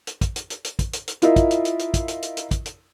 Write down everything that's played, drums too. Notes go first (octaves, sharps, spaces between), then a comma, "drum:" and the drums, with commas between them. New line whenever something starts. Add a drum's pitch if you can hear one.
drum: hi-hat
drum: kick, hi-hat
drum: hi-hat
drum: hi-hat
drum: hi-hat
drum: kick, hi-hat
drum: hi-hat
drum: hi-hat
E4 F4 A#4 D#5 E5, drum: hi-hat
drum: kick, hi-hat
drum: hi-hat
drum: hi-hat
drum: hi-hat
drum: kick, hi-hat
drum: hi-hat
drum: hi-hat
drum: hi-hat
drum: kick, hi-hat
drum: hi-hat